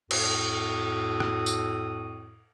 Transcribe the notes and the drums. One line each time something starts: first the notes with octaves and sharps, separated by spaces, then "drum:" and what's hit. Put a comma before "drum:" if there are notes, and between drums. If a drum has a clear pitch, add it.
F2 A2 F#4 D#6, drum: cymbal
drum: rim click
drum: tambourine